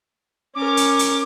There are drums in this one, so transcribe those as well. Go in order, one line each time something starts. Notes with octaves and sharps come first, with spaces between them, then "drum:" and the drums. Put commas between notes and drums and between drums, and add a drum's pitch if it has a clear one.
C#4 A#4 D6
drum: hi-hat
drum: hi-hat